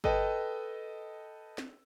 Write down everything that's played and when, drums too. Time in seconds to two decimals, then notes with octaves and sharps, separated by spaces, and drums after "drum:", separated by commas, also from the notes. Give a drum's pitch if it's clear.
0.04 A4 B4 D#5 G5, drum: kick G1
1.58 drum: snare